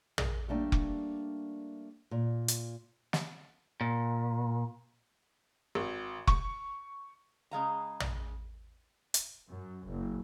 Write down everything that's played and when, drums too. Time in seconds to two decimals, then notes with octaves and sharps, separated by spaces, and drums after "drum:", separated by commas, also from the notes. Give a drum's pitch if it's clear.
0.18 G#4 A#4, drum: tom
0.48 G3 A3 A#3 D4 G4
0.72 drum: kick F1
2.11 A#2
2.48 drum: hi-hat
3.13 drum: snare
3.81 A#2
5.75 G#1
6.27 C#6, drum: kick F1
7.51 C#3 G#3 F5 A#5
8.00 drum: tom
9.14 drum: hi-hat
9.50 F#2
9.86 F#1